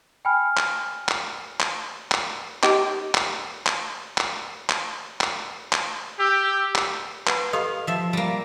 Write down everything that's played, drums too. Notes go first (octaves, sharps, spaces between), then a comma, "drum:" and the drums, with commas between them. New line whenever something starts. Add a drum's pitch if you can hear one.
G5 G#5 B5 F6
drum: clap
drum: clap
drum: clap
drum: clap
D#4 G4, drum: clap
drum: clap
drum: clap
drum: clap
drum: clap
drum: clap
drum: clap
G4 E6
drum: clap
B4 F#5 B5, drum: clap
G4 A4 D#5 F5
F3 E5
G3 A#3